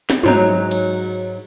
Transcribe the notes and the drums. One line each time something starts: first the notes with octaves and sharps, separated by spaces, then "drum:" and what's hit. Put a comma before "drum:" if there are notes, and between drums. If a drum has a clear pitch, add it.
drum: snare
G#2 F#3 D#4, drum: tom
drum: cymbal